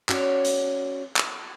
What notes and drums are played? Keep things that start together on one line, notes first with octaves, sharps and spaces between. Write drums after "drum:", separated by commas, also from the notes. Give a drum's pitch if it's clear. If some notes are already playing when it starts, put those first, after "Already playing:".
C#4 F#4 C#5 D5, drum: clap
drum: hi-hat
drum: clap